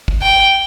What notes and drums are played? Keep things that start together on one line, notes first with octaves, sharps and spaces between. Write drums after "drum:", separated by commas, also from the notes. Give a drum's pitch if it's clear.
drum: kick
G5